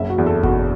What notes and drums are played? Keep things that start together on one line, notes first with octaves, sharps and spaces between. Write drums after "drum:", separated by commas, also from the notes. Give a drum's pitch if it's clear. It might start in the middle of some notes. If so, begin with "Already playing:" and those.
Already playing: F#1 B1 E5
F#4
E2
A4
B2 F#4, drum: kick G1